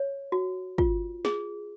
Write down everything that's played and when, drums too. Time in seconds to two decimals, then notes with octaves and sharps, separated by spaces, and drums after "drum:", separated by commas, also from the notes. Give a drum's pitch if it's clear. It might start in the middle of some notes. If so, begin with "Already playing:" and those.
Already playing: C#5
0.32 F#4
0.78 F4, drum: kick
1.25 G#4, drum: snare